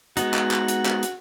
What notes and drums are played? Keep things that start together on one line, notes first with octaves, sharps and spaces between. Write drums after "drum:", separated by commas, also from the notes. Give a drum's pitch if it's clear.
G#3 B3 D#4 F#4, drum: hi-hat
drum: clap
drum: clap
drum: hi-hat
drum: clap
drum: hi-hat